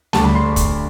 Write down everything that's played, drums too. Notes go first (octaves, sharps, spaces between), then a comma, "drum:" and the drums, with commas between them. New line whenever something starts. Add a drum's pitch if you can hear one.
D2 D3 G3 A5, drum: snare
B5
C6
drum: kick, hi-hat